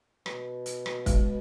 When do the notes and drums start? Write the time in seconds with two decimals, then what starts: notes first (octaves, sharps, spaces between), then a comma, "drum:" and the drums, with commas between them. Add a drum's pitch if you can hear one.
0.26 B2, drum: rim click
0.66 drum: hi-hat
0.86 drum: rim click
1.06 G#3, drum: kick, hi-hat